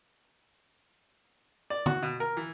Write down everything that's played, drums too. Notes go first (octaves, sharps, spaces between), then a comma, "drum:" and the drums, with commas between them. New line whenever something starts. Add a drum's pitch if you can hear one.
D5
F#4, drum: tom D3
B2
A#4
E3